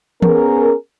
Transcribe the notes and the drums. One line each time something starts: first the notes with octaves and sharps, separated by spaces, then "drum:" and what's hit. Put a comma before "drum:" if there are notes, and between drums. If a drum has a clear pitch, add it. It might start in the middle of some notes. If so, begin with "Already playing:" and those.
B3 C#4 G#4 A#4, drum: tom E3